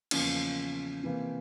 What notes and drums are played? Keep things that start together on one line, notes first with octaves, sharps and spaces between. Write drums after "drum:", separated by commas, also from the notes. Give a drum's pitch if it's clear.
E2 C#3 F3 A#3 C#4 F4, drum: cymbal
C3 E3 A#3